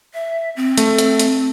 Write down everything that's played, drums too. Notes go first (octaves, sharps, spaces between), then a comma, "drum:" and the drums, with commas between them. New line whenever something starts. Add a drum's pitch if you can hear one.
E5
C4
A3, drum: hi-hat
drum: hi-hat
drum: hi-hat